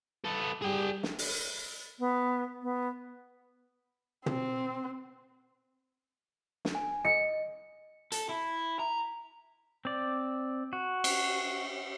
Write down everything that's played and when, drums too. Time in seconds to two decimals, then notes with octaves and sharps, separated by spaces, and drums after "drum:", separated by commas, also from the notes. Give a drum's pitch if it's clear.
0.25 B3 A4
0.62 G3 G#4 G5
1.03 drum: snare
1.19 drum: open hi-hat
1.99 B3
2.62 B3
4.26 C4, drum: tom
6.65 drum: snare
6.75 G#5
7.05 D#5 C#7
8.12 A4, drum: hi-hat
8.29 E4
8.79 A#5
9.85 C4 D5
10.73 F#4
11.04 drum: cymbal